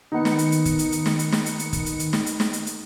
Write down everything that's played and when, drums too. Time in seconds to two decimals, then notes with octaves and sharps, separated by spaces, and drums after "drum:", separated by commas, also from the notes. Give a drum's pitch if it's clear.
0.12 D#3 B3 D#4 C#7
0.25 drum: snare
0.39 drum: hi-hat
0.52 drum: hi-hat
0.65 drum: kick, hi-hat
0.79 drum: hi-hat
0.92 drum: hi-hat
1.06 drum: snare
1.19 drum: hi-hat
1.32 drum: snare
1.46 drum: hi-hat
1.59 drum: hi-hat
1.73 drum: kick, hi-hat
1.86 drum: hi-hat
1.99 drum: hi-hat
2.13 drum: snare
2.26 drum: hi-hat
2.40 drum: snare
2.53 drum: hi-hat
2.67 drum: hi-hat